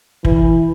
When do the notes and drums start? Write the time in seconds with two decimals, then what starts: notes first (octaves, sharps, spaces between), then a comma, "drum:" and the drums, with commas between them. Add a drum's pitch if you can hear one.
0.25 E3, drum: kick